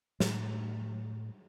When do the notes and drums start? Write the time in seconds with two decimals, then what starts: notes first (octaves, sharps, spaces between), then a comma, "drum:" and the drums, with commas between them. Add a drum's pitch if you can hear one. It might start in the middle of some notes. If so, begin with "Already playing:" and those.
0.20 A2 A3, drum: snare